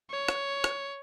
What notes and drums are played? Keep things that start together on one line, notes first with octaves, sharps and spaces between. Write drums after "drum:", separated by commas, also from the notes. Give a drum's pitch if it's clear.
C#5
drum: rim click
drum: rim click